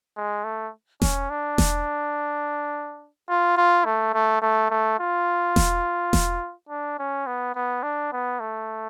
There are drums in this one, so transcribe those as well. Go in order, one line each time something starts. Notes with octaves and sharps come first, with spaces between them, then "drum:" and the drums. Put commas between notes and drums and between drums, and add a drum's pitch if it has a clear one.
G#3
A3
C#4, drum: snare E1
D4
drum: snare E1
F4
F4
A3
A3
A3
A3
F4
drum: snare E1
drum: snare E1
D4
C#4
B3
B3
D4
B3
A3